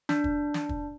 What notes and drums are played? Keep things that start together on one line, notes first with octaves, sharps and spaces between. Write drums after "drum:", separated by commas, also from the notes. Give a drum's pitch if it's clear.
D4, drum: snare
drum: kick
drum: snare
drum: kick